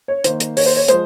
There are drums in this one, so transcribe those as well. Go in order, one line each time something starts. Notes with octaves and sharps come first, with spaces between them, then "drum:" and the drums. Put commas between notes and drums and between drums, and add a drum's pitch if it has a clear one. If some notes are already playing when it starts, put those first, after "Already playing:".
C#5
D#3 A#3 C5, drum: hi-hat
drum: hi-hat
C#5, drum: open hi-hat
C5
C#5
F3 G#3 C5, drum: hi-hat